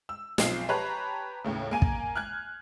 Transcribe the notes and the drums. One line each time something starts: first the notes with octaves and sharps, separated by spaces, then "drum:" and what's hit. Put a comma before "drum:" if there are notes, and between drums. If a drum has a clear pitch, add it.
E6
B1 F3 C4 C7, drum: snare
G4 B4 C#5 A5 A#5 F#6
D#2 A2 C#3
A#3 G#5 D#7
drum: kick
F6 F#6 G#6